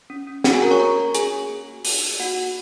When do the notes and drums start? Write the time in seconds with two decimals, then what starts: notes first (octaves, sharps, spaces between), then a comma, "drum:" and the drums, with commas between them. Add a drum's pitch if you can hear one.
0.10 C#4
0.27 C#4
0.44 A#3 F#4 F#5, drum: snare
0.53 G#4 G#5
0.62 C#4 A#4 A#5
0.71 C#5 C#6
0.80 A#3 A#4 A#5
0.97 F#4
1.15 A#3 G#4 G#5, drum: hi-hat
1.32 C#4
1.49 A#3
1.67 F#4
1.85 A#3, drum: open hi-hat
2.03 D#4
2.20 A#3 F#4 F#5
2.38 F#4